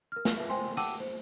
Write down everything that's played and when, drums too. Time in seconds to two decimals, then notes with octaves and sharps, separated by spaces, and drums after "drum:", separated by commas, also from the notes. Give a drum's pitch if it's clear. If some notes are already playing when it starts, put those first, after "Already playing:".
0.12 A#4 F6
0.25 drum: snare
0.37 B4 E5
0.49 C5 G5 G#5 C6
0.77 F#5 G5 A5 D6 E6 D#7, drum: hi-hat
1.00 C5